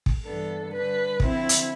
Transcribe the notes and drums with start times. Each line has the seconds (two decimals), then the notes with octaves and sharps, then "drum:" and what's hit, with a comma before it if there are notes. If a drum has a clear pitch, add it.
0.06 drum: kick
0.24 G2 E3 B3 D4 A4
0.72 D3 G3 D4 B4
1.20 D3 F3 C4 E4, drum: kick
1.49 drum: hi-hat